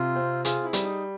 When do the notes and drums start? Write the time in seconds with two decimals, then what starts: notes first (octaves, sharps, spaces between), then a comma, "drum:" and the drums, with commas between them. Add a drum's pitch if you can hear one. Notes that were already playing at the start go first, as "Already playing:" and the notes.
Already playing: C3 F4
0.15 C4
0.45 F4 G#4, drum: hi-hat
0.64 E4
0.73 G3, drum: hi-hat
0.83 D#4